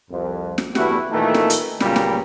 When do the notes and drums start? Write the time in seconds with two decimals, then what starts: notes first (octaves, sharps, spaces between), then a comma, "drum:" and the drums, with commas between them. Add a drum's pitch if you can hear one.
0.11 C2 F2
0.58 drum: snare
0.75 E2 G2 G3 A3 E4 F#4, drum: snare
1.12 A#2 D#3 E3 A3
1.34 drum: snare
1.50 drum: hi-hat
1.80 C#2 F#2 A#2 C#3 G3, drum: snare
1.96 drum: snare